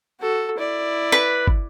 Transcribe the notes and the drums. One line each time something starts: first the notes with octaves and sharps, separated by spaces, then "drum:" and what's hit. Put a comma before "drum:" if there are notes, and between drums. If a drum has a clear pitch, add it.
F#4 A4
E4 D5
B4
drum: kick